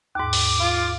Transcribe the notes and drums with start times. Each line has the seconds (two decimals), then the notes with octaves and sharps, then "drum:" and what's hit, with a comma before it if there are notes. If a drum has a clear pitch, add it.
0.15 D#2 G#2 D6
0.33 drum: open hi-hat
0.60 F4